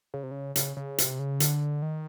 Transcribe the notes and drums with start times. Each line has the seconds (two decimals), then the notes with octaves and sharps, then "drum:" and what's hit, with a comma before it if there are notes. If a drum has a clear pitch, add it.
0.14 C#3
0.23 C3
0.31 C#3
0.56 C#3, drum: hi-hat
0.77 C#3
0.98 C3, drum: hi-hat
1.19 C#3
1.40 D3, drum: hi-hat
1.82 D#3